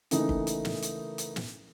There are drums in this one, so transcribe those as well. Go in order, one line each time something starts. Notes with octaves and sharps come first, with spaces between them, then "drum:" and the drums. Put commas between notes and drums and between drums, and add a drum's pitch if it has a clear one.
C#3 E3 A3 A#3 D#4, drum: hi-hat
drum: kick
drum: hi-hat
drum: snare
drum: hi-hat
drum: hi-hat
drum: snare